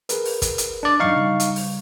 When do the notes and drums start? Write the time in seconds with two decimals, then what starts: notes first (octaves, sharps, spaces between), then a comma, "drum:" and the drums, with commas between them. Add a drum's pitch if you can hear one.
0.09 G#4 A#4 B4, drum: hi-hat
0.25 drum: open hi-hat
0.42 drum: kick, hi-hat
0.58 drum: hi-hat
0.83 D4 D5
1.00 G2 F#3 D4 D#4 F5 C#6
1.16 C#3 G3
1.40 drum: hi-hat
1.56 drum: open hi-hat